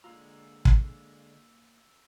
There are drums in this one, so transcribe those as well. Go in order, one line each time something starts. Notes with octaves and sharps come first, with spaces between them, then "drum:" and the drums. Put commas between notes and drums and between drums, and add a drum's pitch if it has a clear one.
D3 G#3 A#3 F4 A#5 E6
drum: kick